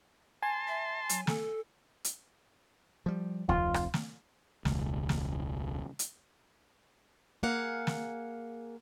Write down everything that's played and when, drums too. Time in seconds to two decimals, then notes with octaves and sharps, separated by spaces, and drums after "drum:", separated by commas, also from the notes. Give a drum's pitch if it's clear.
0.42 G#5 A5 C6
0.68 E5
1.09 F#3, drum: hi-hat
1.27 A4, drum: snare
2.04 drum: hi-hat
3.06 F3 G3
3.49 F1 F2 F3 F4, drum: kick D2
3.74 drum: rim click
3.94 drum: snare
4.65 E1 C#2, drum: snare
5.09 drum: snare
5.99 drum: hi-hat
7.43 A#3 G#4 F5 F#5
7.87 drum: snare